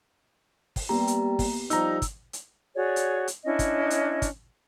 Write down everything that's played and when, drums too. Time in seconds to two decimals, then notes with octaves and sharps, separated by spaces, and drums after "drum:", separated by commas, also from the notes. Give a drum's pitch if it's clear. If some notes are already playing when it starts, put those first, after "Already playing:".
0.76 drum: kick, open hi-hat
0.89 G3 A#3 B3 G4 A#5
1.07 drum: hi-hat
1.39 drum: kick, open hi-hat
1.70 F3 G3 D#4 A#5 E6, drum: hi-hat
2.02 drum: kick, hi-hat
2.33 drum: hi-hat
2.75 F#4 G#4 C#5 D5
2.96 drum: hi-hat
3.28 drum: hi-hat
3.44 C#4 D4 E4 D#5
3.59 drum: kick, hi-hat
3.90 drum: hi-hat
4.22 drum: kick, hi-hat